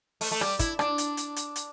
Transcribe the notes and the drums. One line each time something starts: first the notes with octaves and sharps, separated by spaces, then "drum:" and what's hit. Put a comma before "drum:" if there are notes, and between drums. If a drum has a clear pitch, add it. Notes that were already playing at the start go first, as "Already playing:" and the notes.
A3, drum: open hi-hat
A3
G3, drum: rim click
E4, drum: kick, hi-hat
D4, drum: rim click
drum: hi-hat
drum: hi-hat
drum: hi-hat
drum: hi-hat